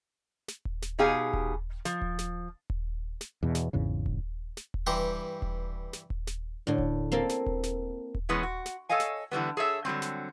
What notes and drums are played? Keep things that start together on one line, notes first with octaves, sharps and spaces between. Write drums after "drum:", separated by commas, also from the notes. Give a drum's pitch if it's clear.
drum: snare
drum: kick D#1
drum: snare
B2 D#4 G4 G#4 F5 G#5
drum: kick D#1
F3, drum: snare
drum: kick D#1
drum: snare
drum: kick D#1
drum: snare
E2 B2
drum: snare
G#1 E2 G#2 C#3
drum: kick D#1
drum: snare
drum: kick D#1
G2 E3 G4 A#5 C6 C#6
drum: kick D#1
drum: snare
drum: kick D#1
drum: snare
A2 D3
drum: kick D#1
A#3 C4 A4
drum: snare
drum: kick D#1
drum: snare
drum: kick D#1
E3 G#3 B3 C#4
F#4
drum: snare
A4 C#5 D#5 F5 G#5
drum: snare
D3 E3 G3 B3
G#4 A4 C#5 E5
D3 F#3 G3 C4
drum: snare